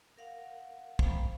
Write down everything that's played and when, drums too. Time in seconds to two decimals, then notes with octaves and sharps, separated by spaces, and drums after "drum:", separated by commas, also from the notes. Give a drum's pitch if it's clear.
0.17 A#4 F5 F#5
0.99 C5 F5 G5 A#5 B5, drum: kick